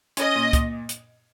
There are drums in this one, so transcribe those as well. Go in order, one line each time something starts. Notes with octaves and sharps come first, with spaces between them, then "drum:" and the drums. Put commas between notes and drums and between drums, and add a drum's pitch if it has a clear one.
C#4 D#5, drum: hi-hat
A#2
A#2, drum: kick C#2, hi-hat
drum: hi-hat